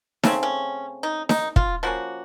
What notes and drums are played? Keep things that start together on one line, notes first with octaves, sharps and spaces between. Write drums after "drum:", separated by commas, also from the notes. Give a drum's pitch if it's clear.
C#3 A3 C4 C#4, drum: snare D#4
C#4
D#4
D#4, drum: snare D#4
F4, drum: kick
F3 A#3 C#4 F#4